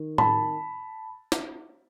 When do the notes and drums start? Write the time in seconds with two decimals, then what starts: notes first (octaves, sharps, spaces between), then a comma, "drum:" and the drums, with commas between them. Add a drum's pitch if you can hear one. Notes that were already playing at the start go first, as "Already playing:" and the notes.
Already playing: D#3
0.18 A5 B5, drum: tom A2
1.32 drum: snare